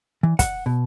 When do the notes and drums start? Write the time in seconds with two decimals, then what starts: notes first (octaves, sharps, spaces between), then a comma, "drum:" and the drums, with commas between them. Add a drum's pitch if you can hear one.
0.23 E3
0.39 F#5, drum: kick, hi-hat
0.66 B2